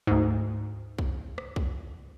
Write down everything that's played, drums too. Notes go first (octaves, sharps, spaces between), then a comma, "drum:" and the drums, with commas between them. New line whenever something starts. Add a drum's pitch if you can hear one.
D2 G#2
drum: kick
drum: rim click
drum: kick